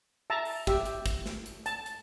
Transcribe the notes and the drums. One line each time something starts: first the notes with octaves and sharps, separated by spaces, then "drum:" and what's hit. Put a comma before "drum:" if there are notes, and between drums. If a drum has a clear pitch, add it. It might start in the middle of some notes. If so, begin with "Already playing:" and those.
E5 A5 A#5
drum: open hi-hat
G4 E5, drum: kick, hi-hat
drum: hi-hat
drum: kick, hi-hat
drum: snare
drum: hi-hat
A5, drum: hi-hat
drum: hi-hat